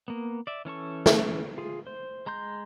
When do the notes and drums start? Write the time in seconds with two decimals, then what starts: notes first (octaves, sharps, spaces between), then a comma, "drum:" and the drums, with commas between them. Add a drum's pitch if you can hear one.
0.08 A#3 B3
0.47 D5 E5
0.65 E3 C#4 A4 C#6
1.06 drum: snare
1.58 F4 G#4
1.87 C5
2.26 G#3 A#5 C6 G6